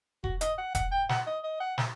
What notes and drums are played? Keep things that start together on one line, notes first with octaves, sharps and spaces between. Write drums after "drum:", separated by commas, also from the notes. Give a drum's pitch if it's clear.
F#4, drum: kick E1
D#5, drum: hi-hat
F#5
F#5, drum: kick E1, hi-hat
G5
F#5, drum: snare
D#5
D#5
F#5
drum: snare